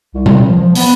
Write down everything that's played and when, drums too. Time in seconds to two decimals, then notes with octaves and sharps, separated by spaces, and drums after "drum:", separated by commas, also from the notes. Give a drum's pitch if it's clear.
0.14 C2
0.26 G3, drum: tom B2
0.46 F3
0.61 F3
0.75 B3, drum: open hi-hat